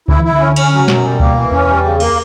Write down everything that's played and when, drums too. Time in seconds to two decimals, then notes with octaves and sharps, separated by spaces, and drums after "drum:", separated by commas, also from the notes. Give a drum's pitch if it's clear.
0.08 D3 E4, drum: kick C#2
0.19 E3
0.24 E4
0.31 D3
0.40 C#4
0.56 C#4, drum: cymbal
0.72 F#3
0.80 C#3
0.88 F#2 B2, drum: snare
1.04 G3
1.20 A#3, drum: kick C#2
1.35 E3
1.52 E2 C#4
1.68 G3
1.84 C#3
2.00 A#3, drum: cymbal